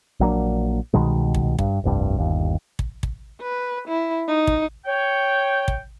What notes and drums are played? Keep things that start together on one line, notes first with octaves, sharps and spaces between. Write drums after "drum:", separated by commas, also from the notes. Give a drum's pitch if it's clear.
A#1 F#3 A#3 D4
C2 B2 D#3 G#3
drum: kick
G2, drum: kick
F1 C2 G2
G1 D#2
drum: kick
drum: kick
B4
E4
D#4
drum: kick
C#5 G5
drum: kick